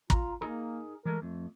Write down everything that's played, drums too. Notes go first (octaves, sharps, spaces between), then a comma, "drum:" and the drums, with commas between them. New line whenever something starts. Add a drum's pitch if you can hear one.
F4 A#5, drum: kick
A#3 D#4 G#4 A#4
E3 G#3 A3 A#4
F2 A3